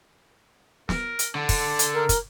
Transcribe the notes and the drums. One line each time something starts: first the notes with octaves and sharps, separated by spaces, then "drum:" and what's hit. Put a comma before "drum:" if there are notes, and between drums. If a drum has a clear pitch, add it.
A#4, drum: snare
drum: hi-hat
D3 A5
drum: kick, open hi-hat
drum: hi-hat
A#4
drum: kick, hi-hat